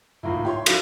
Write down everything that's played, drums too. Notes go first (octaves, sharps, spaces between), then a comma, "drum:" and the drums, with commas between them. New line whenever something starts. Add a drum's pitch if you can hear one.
G#1 C#2 A2 E4 F4 A#4
E4 G4 C#5 C6
F3 D4 E4 A#4 F5, drum: cymbal